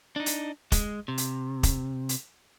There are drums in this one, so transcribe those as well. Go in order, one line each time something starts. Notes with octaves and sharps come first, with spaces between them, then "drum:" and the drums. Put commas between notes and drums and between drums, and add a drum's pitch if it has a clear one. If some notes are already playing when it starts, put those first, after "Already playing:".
D4 D#4
drum: hi-hat
G#3, drum: kick, hi-hat
C3
drum: hi-hat
drum: kick, hi-hat
drum: hi-hat